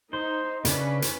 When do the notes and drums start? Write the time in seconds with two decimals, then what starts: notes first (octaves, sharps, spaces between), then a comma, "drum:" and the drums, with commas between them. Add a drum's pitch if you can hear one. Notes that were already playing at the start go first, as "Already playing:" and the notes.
0.13 D#4 C5
0.65 C#3 C#4 D4 B4, drum: hi-hat
1.02 drum: hi-hat